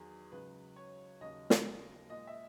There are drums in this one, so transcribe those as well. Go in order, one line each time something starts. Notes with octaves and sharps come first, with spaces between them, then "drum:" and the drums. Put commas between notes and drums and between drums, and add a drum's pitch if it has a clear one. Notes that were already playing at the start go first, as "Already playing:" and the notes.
Already playing: E2 D#3 F#3 G#4
C#2 C#3 F#3 B4
C#5
D#2 C#3 F#3 D#5
drum: snare
A#2 G#3 D#5
E5